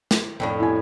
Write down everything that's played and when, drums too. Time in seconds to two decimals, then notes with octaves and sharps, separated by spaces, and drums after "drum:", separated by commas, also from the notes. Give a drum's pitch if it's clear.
0.11 drum: snare
0.40 F2 A2 D4
0.60 E4 G#5